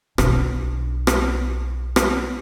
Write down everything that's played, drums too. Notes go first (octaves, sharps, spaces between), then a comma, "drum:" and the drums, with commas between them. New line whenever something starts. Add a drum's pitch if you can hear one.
B1 D4, drum: rim click
drum: rim click
drum: rim click